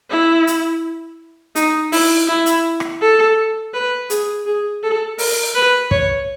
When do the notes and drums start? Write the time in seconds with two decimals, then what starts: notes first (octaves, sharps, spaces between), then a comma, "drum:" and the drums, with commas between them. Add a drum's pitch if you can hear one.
0.10 E4
0.47 drum: hi-hat
1.55 D#4, drum: hi-hat
1.92 E4, drum: open hi-hat
2.28 E4
2.46 drum: hi-hat
2.80 drum: rim click
3.01 A4
3.74 B4
4.10 G#4, drum: hi-hat
4.46 G#4
4.83 A4
5.18 A#4, drum: open hi-hat
5.55 B4
5.91 C#5, drum: kick